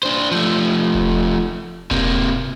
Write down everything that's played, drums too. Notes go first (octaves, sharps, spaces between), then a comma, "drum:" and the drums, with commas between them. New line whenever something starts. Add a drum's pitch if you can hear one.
D4 C5
F3 A3
drum: kick E1
C3 A#3, drum: kick E1